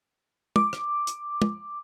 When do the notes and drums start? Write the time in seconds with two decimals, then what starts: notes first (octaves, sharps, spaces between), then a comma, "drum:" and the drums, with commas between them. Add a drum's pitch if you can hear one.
0.56 D6, drum: tom
0.73 drum: rim click
1.07 drum: hi-hat
1.42 drum: tom